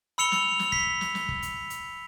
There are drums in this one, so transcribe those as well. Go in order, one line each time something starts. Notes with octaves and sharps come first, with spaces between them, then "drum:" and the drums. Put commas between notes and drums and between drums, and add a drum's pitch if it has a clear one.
B5 E6 C#7 F7 G7
drum: snare
drum: snare
B6, drum: kick
drum: snare
drum: snare
drum: kick
drum: hi-hat
drum: hi-hat